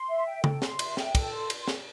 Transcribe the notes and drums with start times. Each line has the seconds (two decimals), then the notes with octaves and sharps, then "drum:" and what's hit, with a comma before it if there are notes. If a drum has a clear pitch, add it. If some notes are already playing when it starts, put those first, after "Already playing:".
Already playing: C6
0.09 E5
0.26 G5
0.44 A4, drum: tom C#3
0.62 C6, drum: snare
0.79 E5, drum: cymbal
0.97 G5, drum: snare
1.15 A4, drum: kick, cymbal
1.32 C6
1.50 drum: cymbal
1.68 drum: snare